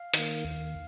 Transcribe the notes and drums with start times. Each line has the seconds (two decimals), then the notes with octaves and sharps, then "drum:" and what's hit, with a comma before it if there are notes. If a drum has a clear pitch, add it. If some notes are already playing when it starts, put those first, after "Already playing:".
Already playing: F5
0.13 D#3, drum: hi-hat
0.19 A#3
0.44 D#2